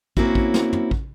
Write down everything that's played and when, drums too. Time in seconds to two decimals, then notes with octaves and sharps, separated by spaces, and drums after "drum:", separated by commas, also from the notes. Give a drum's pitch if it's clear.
0.17 A#3 C4 C#4 E4 F#4, drum: kick
0.35 drum: kick
0.54 drum: snare
0.73 drum: tom
0.91 drum: kick